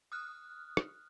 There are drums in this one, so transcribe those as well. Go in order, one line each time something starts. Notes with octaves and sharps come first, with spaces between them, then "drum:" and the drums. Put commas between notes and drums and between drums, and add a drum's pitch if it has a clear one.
D#6 F6 F#6
drum: rim click